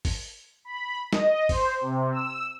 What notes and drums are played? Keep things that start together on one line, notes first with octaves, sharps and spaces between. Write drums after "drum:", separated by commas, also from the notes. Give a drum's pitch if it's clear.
drum: kick G#1, open hi-hat
B5
D#5, drum: snare
C5, drum: kick G#1, open hi-hat
C3
E6